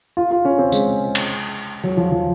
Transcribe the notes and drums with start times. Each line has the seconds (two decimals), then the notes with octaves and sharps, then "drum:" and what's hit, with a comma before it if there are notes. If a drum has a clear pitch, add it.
0.17 F4
0.31 F4
0.45 C#4
0.58 C4
0.72 G#3, drum: tambourine
1.15 drum: cymbal
1.84 F#3
1.97 F3
2.12 F3